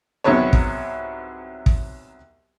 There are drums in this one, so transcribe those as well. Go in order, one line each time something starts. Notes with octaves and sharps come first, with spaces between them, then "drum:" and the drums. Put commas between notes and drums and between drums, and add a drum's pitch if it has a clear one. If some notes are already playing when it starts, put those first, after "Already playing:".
C2 G#2 F#3 B3 C#5
drum: kick
drum: kick